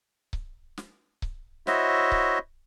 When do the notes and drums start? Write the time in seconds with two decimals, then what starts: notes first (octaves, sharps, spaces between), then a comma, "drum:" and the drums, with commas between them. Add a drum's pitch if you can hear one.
0.33 drum: kick C#1
0.78 drum: snare
1.22 drum: kick C#1
1.67 E4 F#4 C5 C#5 D#5 E5, drum: snare
2.12 drum: kick C#1